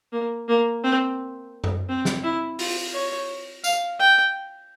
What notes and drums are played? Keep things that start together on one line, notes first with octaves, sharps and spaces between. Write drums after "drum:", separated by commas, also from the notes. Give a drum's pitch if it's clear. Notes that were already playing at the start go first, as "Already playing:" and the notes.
A#3
A#3
C4
drum: tom F#2
C4
drum: snare
E4
F4, drum: open hi-hat
C#5
F5, drum: tambourine
G5